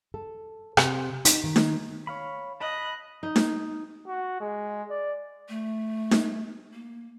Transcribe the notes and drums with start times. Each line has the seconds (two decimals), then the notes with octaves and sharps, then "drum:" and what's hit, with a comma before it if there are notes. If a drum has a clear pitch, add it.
0.14 A4
0.77 C3, drum: rim click
1.25 D#4, drum: hi-hat
1.44 D#3
1.56 drum: snare D#4
2.07 C#5 F5 B5
2.60 D#5 A5 B5 F#6
3.23 D#4
3.36 drum: snare D#4
4.07 F#4
4.40 G#3
4.90 D5
5.49 A3
6.11 drum: snare D#4
6.73 A#3